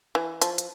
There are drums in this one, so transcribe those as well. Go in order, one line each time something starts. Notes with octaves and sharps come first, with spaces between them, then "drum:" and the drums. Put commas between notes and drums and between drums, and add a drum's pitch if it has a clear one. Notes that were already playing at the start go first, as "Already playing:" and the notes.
E3
F3, drum: hi-hat
drum: hi-hat